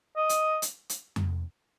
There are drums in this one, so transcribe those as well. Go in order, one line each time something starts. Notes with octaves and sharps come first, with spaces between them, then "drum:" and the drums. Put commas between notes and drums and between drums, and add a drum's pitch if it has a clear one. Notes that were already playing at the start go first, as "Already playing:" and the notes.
D#5
drum: hi-hat
drum: hi-hat
drum: hi-hat
drum: tom F2